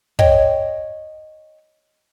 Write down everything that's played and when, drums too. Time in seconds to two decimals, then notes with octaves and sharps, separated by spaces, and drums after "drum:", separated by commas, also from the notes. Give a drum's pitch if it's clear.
0.19 C#5 D#5 G5, drum: kick